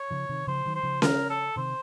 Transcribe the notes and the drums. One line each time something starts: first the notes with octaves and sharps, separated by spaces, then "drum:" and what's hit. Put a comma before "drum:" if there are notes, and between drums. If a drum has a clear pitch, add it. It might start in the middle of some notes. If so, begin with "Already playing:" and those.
Already playing: C#5
C#3 F3
C3 D#3
C#3 F3 C5
D#3 F#3
C5
C#3 F3
A#4, drum: snare C#4
A4
C3 D#3 C5